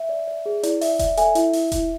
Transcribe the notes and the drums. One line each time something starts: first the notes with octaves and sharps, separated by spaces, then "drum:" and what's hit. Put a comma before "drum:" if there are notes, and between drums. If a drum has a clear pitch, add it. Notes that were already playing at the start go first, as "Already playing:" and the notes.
Already playing: E5
D5
D5
G#4
E4 D5, drum: hi-hat
D5 E5, drum: open hi-hat
D5 E5, drum: kick E1, hi-hat
A4 E5 G#5, drum: hi-hat
E4 E5, drum: hi-hat
E4, drum: open hi-hat
E4, drum: kick E1, hi-hat